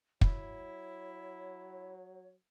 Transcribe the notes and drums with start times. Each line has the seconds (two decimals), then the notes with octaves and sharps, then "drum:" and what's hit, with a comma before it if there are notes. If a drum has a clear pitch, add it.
0.21 F#3 E4 C#5, drum: kick